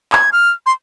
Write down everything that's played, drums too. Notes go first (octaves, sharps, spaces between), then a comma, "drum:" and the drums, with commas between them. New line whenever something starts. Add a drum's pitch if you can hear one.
G#6, drum: clap
F6
C6